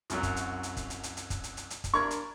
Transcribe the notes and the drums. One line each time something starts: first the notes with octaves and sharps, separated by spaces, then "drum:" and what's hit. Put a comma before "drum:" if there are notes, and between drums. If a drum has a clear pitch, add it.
C2 F#2 F#3, drum: hi-hat
drum: kick, hi-hat
drum: hi-hat
drum: hi-hat
drum: kick, hi-hat
drum: hi-hat
drum: hi-hat
drum: hi-hat
drum: kick, hi-hat
drum: hi-hat
drum: hi-hat
drum: hi-hat
drum: kick, hi-hat
D4 A#4 B5 C#6 G#6
drum: hi-hat